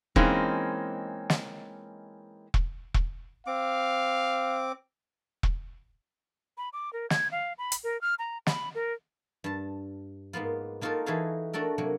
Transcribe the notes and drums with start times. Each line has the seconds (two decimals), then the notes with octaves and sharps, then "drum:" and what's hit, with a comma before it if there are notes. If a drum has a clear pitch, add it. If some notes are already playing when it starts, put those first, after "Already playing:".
0.16 E3 G#3 A#3 C4 C#4 D#4, drum: kick E1
1.30 drum: snare
2.54 drum: kick E1
2.94 drum: kick E1
3.47 C4 F5 D6
5.43 drum: kick E1
6.58 B5
6.73 D6
6.93 A#4
7.10 G#6, drum: snare
7.32 F5
7.58 B5
7.72 drum: hi-hat
7.84 A#4
8.01 F6
8.19 A#5
8.47 B5, drum: snare
8.75 A#4
9.44 G2 A5
10.33 G#2 A#3 B3 F4
10.81 A#3 D#4 F4 F#4 A4 A#4
11.06 E3 D#4 F#4 G#4 A4 F5
11.53 A3 D4 F#4 A4 A#4
11.78 C3 F#3 A#3